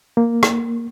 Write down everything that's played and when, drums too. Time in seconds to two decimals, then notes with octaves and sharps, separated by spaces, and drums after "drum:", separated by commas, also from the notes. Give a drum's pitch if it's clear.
0.17 A#3
0.43 drum: rim click